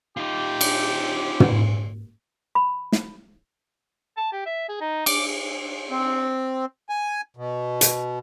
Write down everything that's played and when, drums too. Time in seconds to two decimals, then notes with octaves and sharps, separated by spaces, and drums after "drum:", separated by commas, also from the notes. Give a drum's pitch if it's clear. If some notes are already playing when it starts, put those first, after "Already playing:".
0.17 D#4 F4 G4
0.61 drum: cymbal
1.40 drum: tom
2.55 B5
2.92 drum: snare
4.17 A5
4.32 G4
4.46 E5
4.69 G#4
4.81 D#4
5.06 D6, drum: cymbal
5.90 C4
6.90 G#5
7.37 B2
7.81 drum: hi-hat